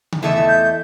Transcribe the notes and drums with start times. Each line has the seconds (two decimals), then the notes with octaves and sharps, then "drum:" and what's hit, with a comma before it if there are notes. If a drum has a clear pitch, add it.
0.12 drum: tom C#3
0.23 E2 A3 D#5 E5
0.48 G6